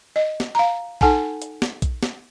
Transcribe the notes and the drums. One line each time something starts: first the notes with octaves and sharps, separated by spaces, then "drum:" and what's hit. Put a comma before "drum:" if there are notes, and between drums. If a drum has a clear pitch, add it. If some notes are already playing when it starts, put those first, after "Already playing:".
D#5
drum: snare
F5 A#5
D#4 A4 F#5 G#5 A5, drum: kick A#1
drum: hi-hat
drum: snare
drum: kick A#1, hi-hat
drum: snare